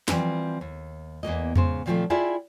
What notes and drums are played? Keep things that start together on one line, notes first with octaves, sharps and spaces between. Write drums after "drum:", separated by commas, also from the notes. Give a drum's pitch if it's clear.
D3 E3 F3 G3 C4, drum: snare
D#2
E2 C3 A#3 D#5
G#2 C#3 C5, drum: tom E2
A#2 D#3 F3 G#3 A3 C4
E4 F4 G4 G#4 D5 E5